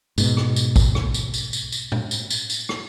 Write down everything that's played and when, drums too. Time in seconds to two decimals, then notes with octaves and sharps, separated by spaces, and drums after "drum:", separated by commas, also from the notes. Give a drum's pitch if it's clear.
0.18 G#2 B2, drum: tambourine
0.37 drum: rim click
0.56 drum: tambourine
0.76 drum: kick, tambourine
0.95 drum: rim click
1.14 drum: tambourine
1.34 drum: tambourine
1.53 drum: tambourine
1.72 drum: tambourine
1.92 drum: tom A2
2.11 drum: tambourine
2.30 drum: tambourine
2.50 drum: tambourine
2.69 drum: rim click